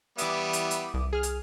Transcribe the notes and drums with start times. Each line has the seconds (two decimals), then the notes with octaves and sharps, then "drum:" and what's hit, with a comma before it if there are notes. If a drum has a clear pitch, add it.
0.18 E3 G3 B3 E5 D6 D#6, drum: hi-hat
0.53 drum: hi-hat
0.71 drum: hi-hat
0.94 C2
1.13 G#4 F6
1.23 drum: hi-hat